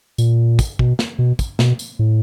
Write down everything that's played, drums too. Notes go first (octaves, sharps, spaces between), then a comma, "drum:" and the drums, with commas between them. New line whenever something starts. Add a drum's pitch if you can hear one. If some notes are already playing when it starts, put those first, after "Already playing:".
A#2, drum: tambourine
drum: kick, tambourine
B2, drum: kick
drum: snare
B2
drum: kick, tambourine
B2, drum: snare
drum: tambourine
A2